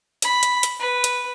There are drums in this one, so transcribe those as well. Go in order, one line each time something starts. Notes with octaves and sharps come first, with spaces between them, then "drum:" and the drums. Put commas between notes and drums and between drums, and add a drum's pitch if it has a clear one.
B5, drum: hi-hat
drum: hi-hat
drum: hi-hat
B4
drum: hi-hat